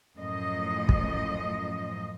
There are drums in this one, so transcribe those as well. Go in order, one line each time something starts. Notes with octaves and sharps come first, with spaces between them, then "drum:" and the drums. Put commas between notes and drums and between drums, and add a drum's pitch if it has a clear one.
F#2 A2 F3 D#5
drum: kick